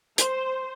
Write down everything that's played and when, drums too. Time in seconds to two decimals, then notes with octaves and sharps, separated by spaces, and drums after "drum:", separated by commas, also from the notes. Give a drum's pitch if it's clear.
0.18 C5, drum: hi-hat